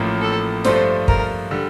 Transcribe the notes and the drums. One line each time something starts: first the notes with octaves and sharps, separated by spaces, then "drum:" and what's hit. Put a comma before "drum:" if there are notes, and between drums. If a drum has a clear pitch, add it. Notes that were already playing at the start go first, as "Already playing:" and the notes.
Already playing: A1 A2 F3 A#3
A4
G2 F3 A3 D4 F4 C5, drum: snare
A#4, drum: kick
D3 G3